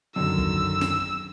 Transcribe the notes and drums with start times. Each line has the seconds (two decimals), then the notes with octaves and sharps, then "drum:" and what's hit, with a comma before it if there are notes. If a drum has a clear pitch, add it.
0.16 F#2 D3 D#3 E6
0.38 drum: kick
0.81 drum: snare